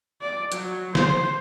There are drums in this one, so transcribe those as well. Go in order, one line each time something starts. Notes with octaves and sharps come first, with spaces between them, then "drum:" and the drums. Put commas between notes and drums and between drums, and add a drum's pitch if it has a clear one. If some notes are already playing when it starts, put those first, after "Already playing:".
D5
F#3, drum: hi-hat
C5, drum: snare